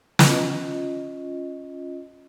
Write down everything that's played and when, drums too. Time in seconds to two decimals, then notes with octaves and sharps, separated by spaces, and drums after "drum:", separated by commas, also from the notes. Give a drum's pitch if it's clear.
0.19 C#4 F4 D#5, drum: snare